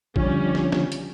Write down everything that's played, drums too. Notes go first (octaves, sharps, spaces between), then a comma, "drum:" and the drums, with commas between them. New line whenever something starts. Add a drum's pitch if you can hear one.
D3 F3 G3 C#4, drum: kick A1
drum: snare
drum: snare
drum: hi-hat